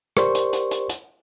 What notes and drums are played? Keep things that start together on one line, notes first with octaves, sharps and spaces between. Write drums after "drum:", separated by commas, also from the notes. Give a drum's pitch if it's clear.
G4 A#4 C5 D5 C6 C#6, drum: rim click
drum: hi-hat
drum: hi-hat
drum: hi-hat
drum: hi-hat